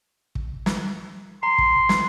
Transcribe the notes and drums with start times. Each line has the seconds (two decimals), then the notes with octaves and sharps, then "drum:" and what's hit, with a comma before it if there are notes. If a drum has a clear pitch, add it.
0.35 drum: kick
0.66 drum: snare
1.43 A#5 C6
1.58 drum: kick
1.89 drum: snare